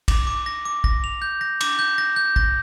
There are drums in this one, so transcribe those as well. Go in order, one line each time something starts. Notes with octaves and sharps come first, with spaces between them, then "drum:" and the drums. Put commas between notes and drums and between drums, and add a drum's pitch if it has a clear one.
D6, drum: kick, cymbal
D6
A#6
D6
A#6, drum: kick
F7
G6
A#6
D6, drum: cymbal
G6
A#6
G6
A#6, drum: kick